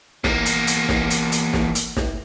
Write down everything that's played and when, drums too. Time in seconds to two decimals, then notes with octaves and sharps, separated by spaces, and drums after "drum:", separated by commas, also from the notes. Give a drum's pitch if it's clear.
0.24 E2 A#3, drum: snare
0.46 drum: hi-hat
0.67 drum: hi-hat
0.89 drum: snare
1.10 drum: hi-hat
1.32 drum: hi-hat
1.53 drum: snare
1.75 drum: hi-hat
1.97 drum: snare